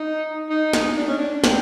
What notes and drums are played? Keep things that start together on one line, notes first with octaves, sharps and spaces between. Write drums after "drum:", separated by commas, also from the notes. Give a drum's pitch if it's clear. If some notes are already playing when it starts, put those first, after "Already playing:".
Already playing: D#4
D#4
drum: snare
D4
C#4
D4
C4, drum: snare